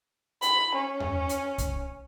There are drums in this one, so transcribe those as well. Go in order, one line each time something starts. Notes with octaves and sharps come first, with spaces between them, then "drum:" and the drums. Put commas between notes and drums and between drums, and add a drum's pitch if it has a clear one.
B5, drum: hi-hat
C#4
drum: tom E2
drum: hi-hat
drum: kick C2, hi-hat